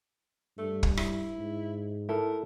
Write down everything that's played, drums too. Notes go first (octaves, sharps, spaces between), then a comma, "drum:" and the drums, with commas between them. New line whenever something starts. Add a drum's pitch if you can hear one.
G2 A3
drum: kick
E4, drum: rim click
G#2
E4 A4 A#4